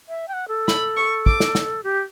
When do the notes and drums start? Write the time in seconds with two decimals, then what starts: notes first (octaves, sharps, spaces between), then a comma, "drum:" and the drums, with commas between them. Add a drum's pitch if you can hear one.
0.09 E5
0.28 G5
0.33 F#5
0.48 A4
0.68 B5, drum: snare
0.97 C#6
1.26 D6, drum: kick
1.40 drum: snare
1.55 drum: snare
1.84 G4